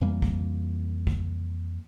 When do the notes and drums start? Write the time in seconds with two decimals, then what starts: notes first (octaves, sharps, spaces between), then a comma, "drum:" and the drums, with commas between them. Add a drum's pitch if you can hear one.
0.01 F2 E3 G3 A#3
0.22 drum: kick
1.07 drum: kick